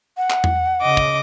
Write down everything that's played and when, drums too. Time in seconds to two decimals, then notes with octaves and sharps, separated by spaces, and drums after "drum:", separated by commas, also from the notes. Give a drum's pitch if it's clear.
0.17 F#5
0.30 drum: clap
0.44 drum: tom E2
0.82 C#3 D#5 D6
0.97 drum: kick